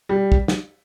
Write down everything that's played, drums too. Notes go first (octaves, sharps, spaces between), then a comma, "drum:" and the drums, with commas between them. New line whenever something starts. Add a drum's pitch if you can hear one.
G3
drum: kick
drum: snare